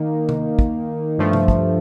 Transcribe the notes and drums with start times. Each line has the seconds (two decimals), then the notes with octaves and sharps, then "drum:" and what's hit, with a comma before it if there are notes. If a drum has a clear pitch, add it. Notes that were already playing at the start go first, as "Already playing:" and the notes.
Already playing: D#3 A#3 D#4
0.29 drum: tom C3
0.59 drum: kick
1.18 G2 F3 A3
1.33 drum: tom C3
1.48 drum: kick